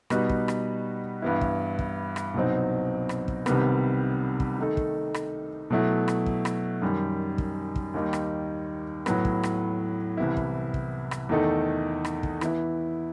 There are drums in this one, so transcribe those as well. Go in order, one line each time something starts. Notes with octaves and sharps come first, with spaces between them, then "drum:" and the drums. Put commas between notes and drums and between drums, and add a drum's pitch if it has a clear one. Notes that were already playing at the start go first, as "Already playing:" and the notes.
B2 G3 B3 D#4 F#4, drum: rim click
drum: kick
drum: rim click
G2 E3 B3 E4
drum: kick
drum: kick
drum: rim click
C2 B2 F#3 C4 D#4
drum: rim click
drum: kick
C2 C3 D#3 G3 B3, drum: rim click
drum: kick
D#3 A3 D#4 A4
drum: kick
drum: rim click
B2 F#3 A3 E4
drum: rim click
drum: kick
drum: rim click
F#2 D#3 G3
drum: kick
drum: kick
D#2 D#3 G3 D#4
drum: rim click
A2 F#3 B3, drum: rim click
drum: kick
drum: rim click
C2 C3 E3 B3 E4
drum: kick
drum: kick
drum: rim click
E2 D#3 A3 D#4 A4
drum: rim click
drum: kick
E3 B3 E4, drum: rim click